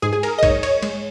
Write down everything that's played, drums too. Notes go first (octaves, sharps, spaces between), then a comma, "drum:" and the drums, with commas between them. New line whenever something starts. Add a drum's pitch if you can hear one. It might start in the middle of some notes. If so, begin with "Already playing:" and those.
G#2 G#4
G#4
A#4, drum: cymbal
D#5
G#2 C#5, drum: kick B1, cymbal
C#5, drum: cymbal
G#3, drum: cymbal